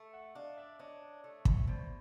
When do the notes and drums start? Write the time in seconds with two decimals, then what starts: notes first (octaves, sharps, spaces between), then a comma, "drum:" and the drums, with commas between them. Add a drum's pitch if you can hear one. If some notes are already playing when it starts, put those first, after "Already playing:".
Already playing: A3
0.13 E5 F#5
0.35 D4 D#5 F5
0.57 D5 E5
0.79 D4 C#5 D#5
1.24 A3
1.45 drum: kick
1.67 B2 C5 D5